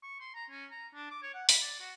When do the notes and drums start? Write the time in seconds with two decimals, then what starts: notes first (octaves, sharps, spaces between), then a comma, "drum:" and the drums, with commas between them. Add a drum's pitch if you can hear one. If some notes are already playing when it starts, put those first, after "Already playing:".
0.03 C#6
0.20 C6
0.35 A#5
0.50 C#4
0.71 A#5
0.94 D4
1.10 D6
1.23 C#5
1.34 F#5
1.49 B5, drum: open hi-hat
1.61 D5
1.80 F#4